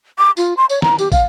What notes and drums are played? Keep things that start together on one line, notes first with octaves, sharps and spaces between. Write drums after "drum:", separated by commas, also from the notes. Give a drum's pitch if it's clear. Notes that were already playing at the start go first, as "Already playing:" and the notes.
D6
F4, drum: tambourine
C6
C#5, drum: tambourine
A#5, drum: snare
G4, drum: tambourine
F5, drum: kick, tambourine